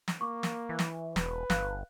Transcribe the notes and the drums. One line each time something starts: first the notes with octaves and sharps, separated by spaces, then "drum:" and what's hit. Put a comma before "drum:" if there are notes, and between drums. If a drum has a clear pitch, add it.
drum: snare
A#3 C#6 D6
drum: snare
E3
drum: snare
E1 B4, drum: snare
G1 F5 F#6, drum: snare